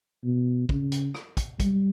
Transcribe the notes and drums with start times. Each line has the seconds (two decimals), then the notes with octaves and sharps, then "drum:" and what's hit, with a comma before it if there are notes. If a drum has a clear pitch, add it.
0.24 B2
0.69 C#3, drum: kick
0.92 drum: hi-hat
1.14 drum: rim click
1.37 drum: kick, hi-hat
1.60 G3, drum: kick, hi-hat